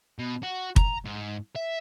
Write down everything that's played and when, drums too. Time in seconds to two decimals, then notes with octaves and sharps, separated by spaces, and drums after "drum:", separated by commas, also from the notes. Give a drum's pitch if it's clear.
0.19 B2
0.43 F#4
0.76 A#5, drum: kick
1.05 G#2
1.56 E5